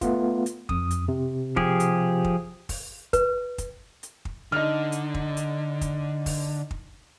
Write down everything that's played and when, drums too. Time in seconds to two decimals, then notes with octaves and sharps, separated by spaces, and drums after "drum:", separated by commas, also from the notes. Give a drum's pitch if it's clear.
0.01 A3 B3 F4, drum: kick, hi-hat
0.46 drum: hi-hat
0.69 F2 D#6, drum: kick
0.91 drum: hi-hat
1.08 C3
1.56 F3 G4 G#4, drum: kick
1.80 drum: hi-hat
2.24 drum: kick
2.69 drum: kick, open hi-hat
3.13 B4, drum: kick, hi-hat
3.58 drum: kick, hi-hat
4.03 drum: hi-hat
4.25 drum: kick
4.52 D3 D#4 F6
4.92 drum: hi-hat
5.14 drum: kick
5.37 drum: hi-hat
5.81 drum: kick, hi-hat
6.26 drum: kick, open hi-hat
6.71 drum: kick